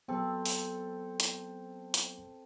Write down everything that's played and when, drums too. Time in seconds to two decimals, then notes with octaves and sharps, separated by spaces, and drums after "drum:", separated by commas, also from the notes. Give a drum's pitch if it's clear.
0.08 F#3 B3 C4 A4
0.46 drum: open hi-hat
1.20 drum: hi-hat
1.94 drum: hi-hat